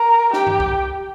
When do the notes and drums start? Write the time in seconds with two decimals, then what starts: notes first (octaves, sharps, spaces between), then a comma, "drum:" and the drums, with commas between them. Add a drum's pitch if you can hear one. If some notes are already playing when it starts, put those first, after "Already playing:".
Already playing: A#4
0.33 G4, drum: snare
0.47 drum: tom G2
0.60 drum: kick C2